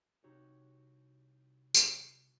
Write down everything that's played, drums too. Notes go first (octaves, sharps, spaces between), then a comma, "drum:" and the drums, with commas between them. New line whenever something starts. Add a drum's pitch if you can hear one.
C2 C3 D#4 F#4 G4 C#5
drum: tambourine